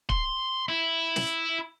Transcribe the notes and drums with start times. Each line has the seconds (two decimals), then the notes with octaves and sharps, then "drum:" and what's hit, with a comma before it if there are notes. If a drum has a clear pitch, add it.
0.09 C6, drum: kick
0.68 E4
1.16 drum: snare